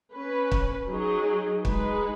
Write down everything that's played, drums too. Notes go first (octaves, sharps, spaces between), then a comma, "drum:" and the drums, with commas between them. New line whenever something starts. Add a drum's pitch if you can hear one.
C#4 B4
drum: kick
F#3 D#4 G#4
G#3 D#4 B4, drum: kick